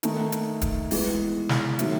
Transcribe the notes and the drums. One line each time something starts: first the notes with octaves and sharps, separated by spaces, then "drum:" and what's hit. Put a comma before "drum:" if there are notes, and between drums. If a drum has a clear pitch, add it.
D#3 A3 D#4, drum: hi-hat
drum: hi-hat
drum: kick, hi-hat
E3 G#3 B3, drum: open hi-hat
drum: snare
D#3 F#3 A3 E4, drum: hi-hat